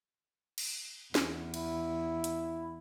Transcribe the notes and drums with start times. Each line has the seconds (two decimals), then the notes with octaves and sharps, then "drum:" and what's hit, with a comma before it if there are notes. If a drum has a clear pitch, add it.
0.58 drum: cymbal
1.15 E2, drum: snare
1.54 E4, drum: cymbal
2.24 drum: hi-hat